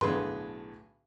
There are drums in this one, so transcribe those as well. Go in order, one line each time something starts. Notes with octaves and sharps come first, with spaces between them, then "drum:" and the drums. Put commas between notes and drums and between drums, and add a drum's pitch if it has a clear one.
B1 A2 D3 G#4 B4 C6, drum: tom G2